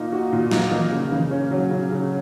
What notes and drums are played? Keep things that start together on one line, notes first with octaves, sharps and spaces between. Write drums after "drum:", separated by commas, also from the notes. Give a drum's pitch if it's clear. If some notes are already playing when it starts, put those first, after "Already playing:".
Already playing: A#2 A#3 D#4
F#4
A#2
D#4, drum: snare
A#3, drum: tom D#3
C#3
C#3, drum: tom D#3
C#4
F#3
C#3
C#3